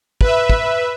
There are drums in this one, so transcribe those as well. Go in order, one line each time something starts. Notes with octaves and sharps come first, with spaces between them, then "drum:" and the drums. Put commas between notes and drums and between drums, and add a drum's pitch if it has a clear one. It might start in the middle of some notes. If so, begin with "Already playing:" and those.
B4 E5, drum: kick
drum: kick